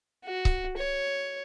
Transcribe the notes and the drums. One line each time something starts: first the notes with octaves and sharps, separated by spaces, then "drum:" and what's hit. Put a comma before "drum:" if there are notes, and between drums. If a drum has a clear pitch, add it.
F#4
drum: kick C#1
C#5